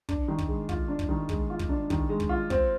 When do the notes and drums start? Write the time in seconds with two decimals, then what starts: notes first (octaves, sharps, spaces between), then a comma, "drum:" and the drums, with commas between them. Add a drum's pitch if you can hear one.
0.09 D4, drum: kick
0.28 D#3
0.38 drum: kick
0.48 G#3
0.69 F4, drum: kick
0.88 D4
0.99 drum: kick
1.09 D#3
1.29 G#3, drum: kick
1.50 F4
1.59 drum: kick
1.69 D4
1.90 D#3, drum: kick
2.09 G#3
2.20 drum: kick
2.29 F4
2.50 C4, drum: kick